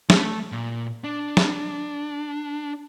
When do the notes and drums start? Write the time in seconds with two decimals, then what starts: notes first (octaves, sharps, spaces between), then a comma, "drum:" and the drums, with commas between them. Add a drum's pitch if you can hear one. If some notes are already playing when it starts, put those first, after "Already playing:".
0.10 A3, drum: snare
0.52 A#2
1.04 D4
1.37 drum: snare